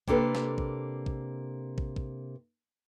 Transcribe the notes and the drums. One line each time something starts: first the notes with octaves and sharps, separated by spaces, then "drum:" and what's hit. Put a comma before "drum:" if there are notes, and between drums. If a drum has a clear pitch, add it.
C3 A#3 D4 A4 B4, drum: kick
drum: snare
drum: kick
drum: kick
drum: kick
drum: kick